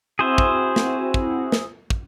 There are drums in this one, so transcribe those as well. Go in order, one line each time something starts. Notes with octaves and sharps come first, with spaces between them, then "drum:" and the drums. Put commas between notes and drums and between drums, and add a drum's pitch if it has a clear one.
C4 E4 F#4 G#4 C5 E5
drum: kick
drum: snare
drum: kick
drum: snare
drum: kick